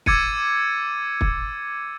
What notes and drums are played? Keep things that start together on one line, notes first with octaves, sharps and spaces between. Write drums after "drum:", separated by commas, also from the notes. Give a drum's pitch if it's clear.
D6 E6 G#6 A6 C#7 D#7, drum: kick
drum: kick